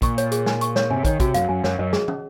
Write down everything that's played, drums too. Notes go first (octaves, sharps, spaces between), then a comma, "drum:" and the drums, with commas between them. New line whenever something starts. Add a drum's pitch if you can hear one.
A#2 C#6, drum: kick, hi-hat
C#5, drum: hi-hat
G#4, drum: hi-hat
G#5, drum: snare
C#6, drum: hi-hat
C#5, drum: snare
C3 G#5, drum: tom G2
D#3 C#5, drum: kick, hi-hat
C3 F#4, drum: kick, hi-hat
F#2 F5, drum: hi-hat
F#2 G#5
F#2 C#5, drum: snare
F#2 D#5
G#4, drum: snare
C#4, drum: tom